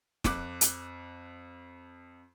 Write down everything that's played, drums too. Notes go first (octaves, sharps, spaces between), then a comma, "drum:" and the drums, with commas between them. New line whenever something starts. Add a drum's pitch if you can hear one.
F2 D6 F#6, drum: snare
drum: hi-hat